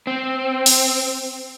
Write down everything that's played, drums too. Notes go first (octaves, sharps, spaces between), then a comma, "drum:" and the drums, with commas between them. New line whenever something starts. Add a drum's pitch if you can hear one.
C4
drum: open hi-hat